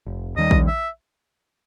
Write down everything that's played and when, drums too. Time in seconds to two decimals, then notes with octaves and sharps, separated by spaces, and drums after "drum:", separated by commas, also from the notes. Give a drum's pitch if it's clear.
0.06 F1
0.37 D#2 D#3 G3 D#5
0.51 drum: kick A#1
0.68 E5